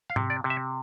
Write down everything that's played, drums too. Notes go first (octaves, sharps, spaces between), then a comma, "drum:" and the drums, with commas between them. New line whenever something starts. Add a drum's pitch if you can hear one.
F5
C3, drum: tom G#2
D5
C3
E5